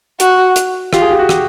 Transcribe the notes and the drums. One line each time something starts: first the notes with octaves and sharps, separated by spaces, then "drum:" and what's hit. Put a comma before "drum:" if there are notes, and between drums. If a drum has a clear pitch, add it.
F#4, drum: hi-hat
drum: hi-hat
F4 G4, drum: rim click
G#4
G4
F#4
G4, drum: rim click